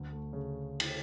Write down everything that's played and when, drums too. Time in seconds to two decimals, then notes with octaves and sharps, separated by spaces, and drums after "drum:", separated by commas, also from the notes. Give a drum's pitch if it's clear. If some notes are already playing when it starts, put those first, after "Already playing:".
Already playing: D2
0.12 A3
0.33 C#3
0.80 drum: cymbal